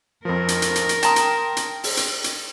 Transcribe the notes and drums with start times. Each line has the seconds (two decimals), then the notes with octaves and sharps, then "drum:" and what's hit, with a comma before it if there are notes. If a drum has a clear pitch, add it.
0.25 F2 F3 A#4
0.48 drum: hi-hat
0.62 drum: hi-hat
0.75 drum: hi-hat
0.89 drum: hi-hat
1.02 G5 A5 A#5 C6 D#6, drum: hi-hat
1.16 drum: hi-hat
1.57 drum: hi-hat
1.84 drum: open hi-hat
1.97 drum: hi-hat
2.24 drum: hi-hat